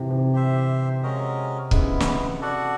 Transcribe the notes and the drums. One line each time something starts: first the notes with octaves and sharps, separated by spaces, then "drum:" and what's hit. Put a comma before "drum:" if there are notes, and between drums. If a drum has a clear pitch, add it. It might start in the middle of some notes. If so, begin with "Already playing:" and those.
Already playing: C3 E3
C3
G4 C5 E5
G#3 C#4 F#4 A#4 D#5
C#3 G#3 B3 E4, drum: kick
drum: snare
F#4 A4 D5 F#5